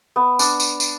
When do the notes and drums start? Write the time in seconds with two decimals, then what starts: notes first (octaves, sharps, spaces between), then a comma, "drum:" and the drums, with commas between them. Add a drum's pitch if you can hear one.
0.16 B3
0.39 D4, drum: tambourine
0.60 drum: tambourine
0.80 drum: tambourine